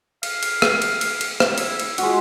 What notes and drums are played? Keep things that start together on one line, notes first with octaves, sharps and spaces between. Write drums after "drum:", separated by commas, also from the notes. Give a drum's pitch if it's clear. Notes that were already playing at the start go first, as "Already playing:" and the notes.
F5, drum: cymbal
drum: cymbal
drum: rim click
drum: cymbal
drum: cymbal
drum: cymbal
drum: rim click
E4, drum: cymbal
drum: cymbal
G#3 F#4, drum: cymbal